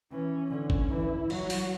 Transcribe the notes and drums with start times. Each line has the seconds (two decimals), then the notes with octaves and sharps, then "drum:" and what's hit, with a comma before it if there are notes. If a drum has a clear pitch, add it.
0.11 E3 C#4
0.51 D3 C#4
0.70 drum: kick
0.90 E3 E4
1.30 F#3 F#4, drum: cymbal
1.50 drum: open hi-hat